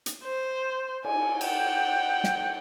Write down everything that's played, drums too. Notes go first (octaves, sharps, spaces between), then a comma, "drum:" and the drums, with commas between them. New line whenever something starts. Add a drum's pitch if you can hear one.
drum: hi-hat
C5
G#5, drum: cymbal
F#5 G5, drum: cymbal
drum: snare